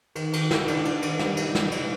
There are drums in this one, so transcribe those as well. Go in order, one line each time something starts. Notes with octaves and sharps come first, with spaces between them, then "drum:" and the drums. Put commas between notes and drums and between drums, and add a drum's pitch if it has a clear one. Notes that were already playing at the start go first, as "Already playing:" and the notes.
D#3, drum: cymbal
D#3, drum: cymbal
D#3, drum: snare
D4, drum: cymbal
D4, drum: cymbal
D#3, drum: cymbal
G3, drum: snare
D4, drum: cymbal
G3, drum: snare
D4, drum: cymbal